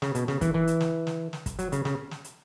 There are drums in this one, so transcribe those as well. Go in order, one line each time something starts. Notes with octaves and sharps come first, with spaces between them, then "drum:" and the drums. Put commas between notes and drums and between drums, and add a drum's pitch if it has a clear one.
C#3, drum: snare
B2, drum: hi-hat
C#3, drum: snare
E3, drum: kick, hi-hat
E3
drum: hi-hat
drum: snare
drum: snare
drum: snare
drum: kick, hi-hat
F#3, drum: hi-hat
C#3, drum: hi-hat
C#3, drum: snare
drum: snare
drum: hi-hat